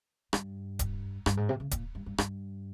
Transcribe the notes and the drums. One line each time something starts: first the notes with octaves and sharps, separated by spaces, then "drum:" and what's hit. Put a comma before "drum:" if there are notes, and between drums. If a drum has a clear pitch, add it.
G2, drum: rim click
drum: kick D1, hi-hat
G2, drum: rim click
G#2
C3
C#3
A#2, drum: kick D1, hi-hat
G2
G2
G2, drum: rim click